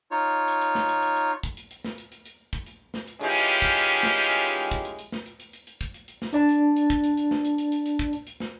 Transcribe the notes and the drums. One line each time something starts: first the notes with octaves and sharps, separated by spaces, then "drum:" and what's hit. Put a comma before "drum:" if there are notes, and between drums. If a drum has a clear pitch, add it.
D#4 F4 C#5
drum: hi-hat
drum: hi-hat
drum: snare
drum: hi-hat
drum: hi-hat
drum: hi-hat
drum: kick, hi-hat
drum: hi-hat
drum: hi-hat
drum: snare
drum: hi-hat
drum: hi-hat
drum: hi-hat
drum: kick, hi-hat
drum: hi-hat
drum: snare
drum: hi-hat
D#3 E3 G#3 C#4 F4 G4, drum: hi-hat
drum: hi-hat
drum: kick, hi-hat
drum: hi-hat
drum: hi-hat
drum: snare
drum: hi-hat
drum: hi-hat
drum: hi-hat
drum: hi-hat
drum: kick, hi-hat
drum: hi-hat
drum: hi-hat
drum: snare
drum: hi-hat
drum: hi-hat
drum: hi-hat
drum: hi-hat
drum: kick, hi-hat
drum: hi-hat
drum: hi-hat
drum: snare
D4 D5 A5, drum: hi-hat
drum: hi-hat
drum: hi-hat
drum: kick, hi-hat
drum: hi-hat
drum: hi-hat
drum: snare
drum: hi-hat
drum: hi-hat
drum: hi-hat
drum: hi-hat
drum: kick, hi-hat
drum: hi-hat
drum: hi-hat
drum: snare